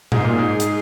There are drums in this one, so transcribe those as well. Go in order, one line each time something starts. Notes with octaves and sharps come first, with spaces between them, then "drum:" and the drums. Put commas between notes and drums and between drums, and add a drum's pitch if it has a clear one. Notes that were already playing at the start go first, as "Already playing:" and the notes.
G#2 G#4, drum: tom A#2
A#2
G#2
drum: hi-hat